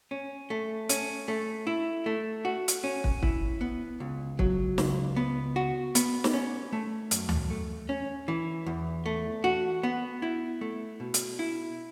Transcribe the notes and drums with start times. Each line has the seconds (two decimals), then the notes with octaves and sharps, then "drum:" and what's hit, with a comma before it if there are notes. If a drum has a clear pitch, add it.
0.11 C#4
0.50 A3
0.89 C#4, drum: hi-hat
1.28 A3
1.67 E4
2.06 A3
2.45 F#4
2.68 drum: hi-hat
2.84 C#4
3.04 drum: kick
3.23 E4, drum: kick
3.61 B3
4.00 C#2
4.39 F#3, drum: kick
4.78 C#2, drum: snare
5.16 B3
5.56 F#4
5.95 B3, drum: hi-hat
6.24 drum: snare
6.33 C#4
6.73 A3
7.11 F#2, drum: hi-hat
7.29 drum: tom D2
7.50 A3
7.89 C#4
8.28 E3
8.66 E2
9.06 A3
9.44 F#4
9.83 B3
10.22 E4
10.61 A3
11.00 B2
11.14 drum: hi-hat
11.39 E4